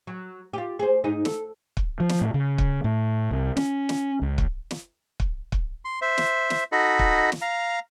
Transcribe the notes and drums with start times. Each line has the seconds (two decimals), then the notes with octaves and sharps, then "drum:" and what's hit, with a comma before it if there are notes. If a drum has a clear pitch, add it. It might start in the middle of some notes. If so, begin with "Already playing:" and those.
0.07 F#3
0.53 F4 G4
0.79 G#4 C5
1.04 G#2 D#4 G#4
1.25 A4, drum: snare
1.77 drum: kick
2.00 F3
2.09 drum: snare
2.21 A2
2.34 C#3
2.58 drum: kick
2.84 A2
3.31 C2
3.57 C#4, drum: snare
3.89 drum: snare
4.22 C#2
4.38 drum: kick
4.71 drum: snare
5.20 drum: kick
5.52 drum: kick
5.85 C6
6.02 C5 E5
6.18 drum: snare
6.50 drum: snare
6.72 D#4 F#4 A4 D#5 B5
6.99 drum: kick
7.32 drum: snare
7.42 F5 A#5